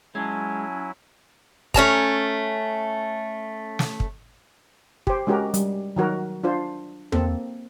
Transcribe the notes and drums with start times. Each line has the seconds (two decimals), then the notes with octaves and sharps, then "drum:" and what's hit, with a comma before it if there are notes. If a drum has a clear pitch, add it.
0.15 F#3 G#3 C#4 E4 G#5 A5 G#6
1.74 A3 C#4 A5 A#5, drum: kick
3.79 drum: snare
4.00 drum: kick
5.07 G4 C5, drum: kick
5.27 G#3 C#4 F#4 G4 A#4
5.54 G3, drum: hi-hat
5.96 D#3 F#3 F#4 A#4
6.44 D4 F4 C5
7.12 A#3 C4 A4, drum: tom E2